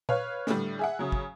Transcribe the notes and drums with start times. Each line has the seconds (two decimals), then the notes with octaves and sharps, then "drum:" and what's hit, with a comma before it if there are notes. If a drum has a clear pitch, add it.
0.09 B4 C#5 F5 F6, drum: tom A#2
0.47 A2 D3 G3, drum: snare
0.79 G#4 E5 F#5
0.99 C#3 F#3
1.12 drum: kick